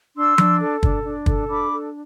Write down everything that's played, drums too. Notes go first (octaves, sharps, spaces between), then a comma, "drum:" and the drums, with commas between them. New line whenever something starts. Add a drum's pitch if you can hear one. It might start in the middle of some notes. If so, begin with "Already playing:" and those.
D4 C6 E6
D4, drum: tom F3
A4
D4, drum: kick
D4
A4, drum: kick
D4 B5 D6
A4